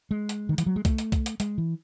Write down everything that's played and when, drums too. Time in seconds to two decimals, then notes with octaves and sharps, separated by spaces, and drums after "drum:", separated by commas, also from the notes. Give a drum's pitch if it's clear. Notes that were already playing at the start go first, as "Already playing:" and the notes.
0.11 G#3
0.29 drum: hi-hat
0.49 D#3
0.58 E3, drum: hi-hat
0.66 F#3
0.76 G#3
0.85 A3, drum: kick C2, hi-hat
0.98 drum: hi-hat
1.12 drum: kick C2, hi-hat
1.26 drum: hi-hat
1.40 G#3, drum: hi-hat
1.58 E3